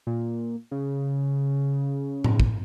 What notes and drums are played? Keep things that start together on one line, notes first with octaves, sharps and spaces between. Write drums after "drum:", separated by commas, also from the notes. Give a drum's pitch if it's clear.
A#2
C#3
drum: tom A2
drum: kick